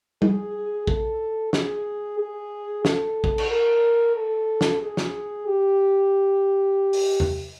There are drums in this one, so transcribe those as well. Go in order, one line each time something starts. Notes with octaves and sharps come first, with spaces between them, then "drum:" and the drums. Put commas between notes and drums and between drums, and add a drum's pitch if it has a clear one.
G#4, drum: tom
A4, drum: kick
G#4, drum: snare
G#4
A4, drum: snare
drum: kick
drum: cymbal
A#4
A4
drum: snare
G#4
drum: snare
G4
drum: open hi-hat
drum: tom E2